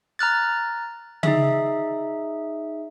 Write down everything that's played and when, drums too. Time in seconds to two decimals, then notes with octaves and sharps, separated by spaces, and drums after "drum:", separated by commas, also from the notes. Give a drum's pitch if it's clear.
0.19 A#5 F6 F#6 A6
1.23 D#4 G#4 E5, drum: tom C#3